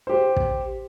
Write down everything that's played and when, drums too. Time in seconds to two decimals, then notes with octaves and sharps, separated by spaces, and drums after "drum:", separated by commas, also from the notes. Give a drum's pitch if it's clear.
0.07 G4 C5
0.36 drum: kick